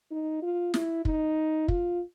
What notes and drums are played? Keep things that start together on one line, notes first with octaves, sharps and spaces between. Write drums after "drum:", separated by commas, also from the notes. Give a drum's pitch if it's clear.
D#4
F4
E4, drum: snare
D#4, drum: kick
F4, drum: kick